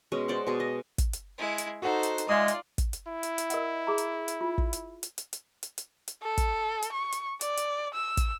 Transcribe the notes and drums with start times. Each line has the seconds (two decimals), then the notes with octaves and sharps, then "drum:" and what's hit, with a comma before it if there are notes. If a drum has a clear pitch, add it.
0.12 B2 G#3 C#4
0.28 C5 D5 F#5
0.47 B2 G#4
0.60 D#5
0.98 drum: kick, hi-hat
1.13 drum: hi-hat
1.38 G#3 E4
1.58 drum: hi-hat
1.82 D#4 F#4 A4 C5 F#5
2.03 drum: hi-hat
2.18 drum: hi-hat
2.29 G#3 F4 D5 E5 G#5 C6 D#6
2.48 drum: hi-hat
2.78 drum: kick, hi-hat
2.93 drum: hi-hat
3.08 E4
3.23 drum: hi-hat
3.38 drum: hi-hat
3.50 A#4 D#5 F#5, drum: hi-hat
3.87 G#4 A#5
3.98 drum: hi-hat
4.28 drum: hi-hat
4.41 F4
4.58 drum: kick
4.73 drum: hi-hat
5.03 drum: hi-hat
5.18 drum: hi-hat
5.33 drum: hi-hat
5.63 drum: hi-hat
5.78 drum: hi-hat
6.08 drum: hi-hat
6.23 A4
6.38 drum: kick, hi-hat
6.82 drum: hi-hat
6.92 C#6
7.12 drum: hi-hat
7.41 D5, drum: hi-hat
7.57 drum: hi-hat
7.94 E6
8.17 drum: kick, hi-hat